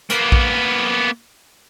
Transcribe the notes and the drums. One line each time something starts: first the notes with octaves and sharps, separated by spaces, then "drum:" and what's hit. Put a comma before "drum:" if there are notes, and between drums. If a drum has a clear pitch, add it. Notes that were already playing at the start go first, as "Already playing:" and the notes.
A#3 B3, drum: hi-hat
drum: kick A#1